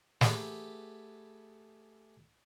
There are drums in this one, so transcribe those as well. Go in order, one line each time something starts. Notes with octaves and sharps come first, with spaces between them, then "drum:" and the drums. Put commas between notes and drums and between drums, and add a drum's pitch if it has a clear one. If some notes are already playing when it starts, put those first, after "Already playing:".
A3 G4 G#4 B4 F#5, drum: snare